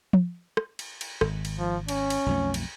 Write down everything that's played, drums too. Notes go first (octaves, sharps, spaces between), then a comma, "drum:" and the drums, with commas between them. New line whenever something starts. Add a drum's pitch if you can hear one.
drum: tom F3
drum: rim click
drum: cymbal
drum: cymbal
G#1, drum: rim click
drum: cymbal
F3
C#4, drum: cymbal
drum: cymbal
B1 F2 A3
drum: cymbal